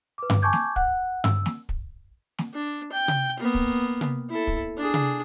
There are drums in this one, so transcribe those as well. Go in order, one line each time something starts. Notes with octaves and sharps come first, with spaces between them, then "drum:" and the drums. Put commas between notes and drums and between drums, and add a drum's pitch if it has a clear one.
B4 D6
drum: tom G2
G#5 A5 C#6 D6 G6 G#6
drum: snare
F#5 F#6, drum: kick
E6, drum: tom G2
drum: snare
drum: kick
drum: snare
D4
G5
drum: tom C3
A#3 B3
drum: kick
drum: tom C3
E4 A4
drum: kick
D4 G#4
drum: tom C3